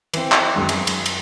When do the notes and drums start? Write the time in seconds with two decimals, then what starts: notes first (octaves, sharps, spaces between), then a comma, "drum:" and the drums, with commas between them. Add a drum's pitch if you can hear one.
0.14 E3 C4, drum: cymbal
0.32 drum: clap
0.56 F#2 D#3 G#3
0.69 drum: cymbal
0.87 drum: cymbal
1.06 drum: cymbal